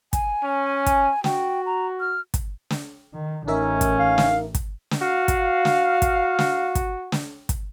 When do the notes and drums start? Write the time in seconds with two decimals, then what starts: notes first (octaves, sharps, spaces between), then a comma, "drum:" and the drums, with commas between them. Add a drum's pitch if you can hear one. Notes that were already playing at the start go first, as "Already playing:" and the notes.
0.13 G#5, drum: kick, hi-hat
0.44 C#4
0.86 drum: kick, hi-hat
1.24 F#4 G5, drum: snare
1.66 A#5
2.00 F6
2.34 drum: kick, hi-hat
2.70 drum: snare
3.14 D#3
3.48 A1 C#4 D#4 A#4 E5
3.81 drum: kick, hi-hat
3.99 F5
4.18 drum: snare
4.55 drum: kick, hi-hat
4.91 drum: snare
5.01 F#4 F5
5.28 drum: kick, hi-hat
5.65 drum: snare
6.02 drum: kick, hi-hat
6.39 drum: snare
6.75 drum: kick, hi-hat
7.12 drum: snare
7.49 drum: kick, hi-hat